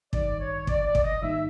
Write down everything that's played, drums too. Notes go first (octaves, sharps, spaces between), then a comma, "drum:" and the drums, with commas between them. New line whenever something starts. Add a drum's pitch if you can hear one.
A1 G2 D#3 G3 D5, drum: kick
C#5
D5, drum: kick
D5
drum: kick
D#5
G#2 D#3 G3 A#3 D#4 E5